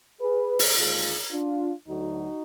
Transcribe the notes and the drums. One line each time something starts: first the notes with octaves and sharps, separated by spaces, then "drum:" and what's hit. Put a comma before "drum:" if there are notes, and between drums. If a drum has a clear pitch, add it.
G#4 B4
drum: open hi-hat
D#2 D3 G#3 F4 G#4
D4 F4
D2 D3 F#3 D#4 F#4